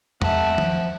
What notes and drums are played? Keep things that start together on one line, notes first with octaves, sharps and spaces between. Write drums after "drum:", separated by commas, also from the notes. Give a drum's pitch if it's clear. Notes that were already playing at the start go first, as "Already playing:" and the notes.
G#3 E5 F#5 A5, drum: tom E2
F3, drum: tom D#3